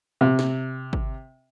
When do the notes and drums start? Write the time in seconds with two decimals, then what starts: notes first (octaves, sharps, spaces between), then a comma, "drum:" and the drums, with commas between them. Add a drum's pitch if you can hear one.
0.21 C3
0.39 drum: snare
0.93 drum: kick G#1